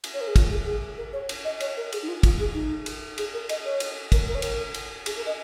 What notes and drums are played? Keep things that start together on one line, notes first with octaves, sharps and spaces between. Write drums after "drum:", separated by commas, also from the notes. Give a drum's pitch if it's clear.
drum: cymbal
C#5
A#4
G#4
F4, drum: kick, cymbal
G#4
G#4
A#4
C#5
drum: cymbal
D#5
C#5, drum: cymbal
A#4
G#4, drum: cymbal
D#4
F4
F4, drum: kick, cymbal
G#4
D#4
drum: cymbal
G#4, drum: cymbal
A#4
D#5, drum: cymbal
C#5
drum: cymbal
A#4, drum: kick, cymbal
A#4
C#5
A#4, drum: cymbal
drum: cymbal
G#4, drum: cymbal
A#4
D#5